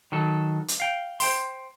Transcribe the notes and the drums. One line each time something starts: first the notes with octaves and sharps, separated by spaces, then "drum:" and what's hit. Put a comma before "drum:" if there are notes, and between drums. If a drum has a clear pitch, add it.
D#3 F#3 A4
drum: hi-hat
F5 G5
C5 G5 C6, drum: open hi-hat